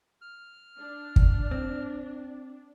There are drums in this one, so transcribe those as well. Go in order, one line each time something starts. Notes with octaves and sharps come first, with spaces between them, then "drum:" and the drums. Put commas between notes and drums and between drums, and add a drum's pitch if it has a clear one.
F6
D4
drum: kick
C4